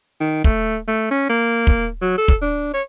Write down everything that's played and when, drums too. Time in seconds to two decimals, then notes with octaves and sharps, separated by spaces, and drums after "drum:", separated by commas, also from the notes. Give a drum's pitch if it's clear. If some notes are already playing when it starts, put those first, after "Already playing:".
0.20 D#3
0.44 A3, drum: kick
0.88 A3
1.10 C#4
1.29 A#3
1.67 drum: kick
2.02 F#3
2.18 A4
2.28 drum: kick
2.41 D4
2.74 C#5